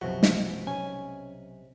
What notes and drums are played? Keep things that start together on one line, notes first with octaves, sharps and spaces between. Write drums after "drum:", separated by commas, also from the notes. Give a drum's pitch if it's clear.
B1 F#2 C3 F3 B3 F#4
drum: snare
B1 C#4 G#5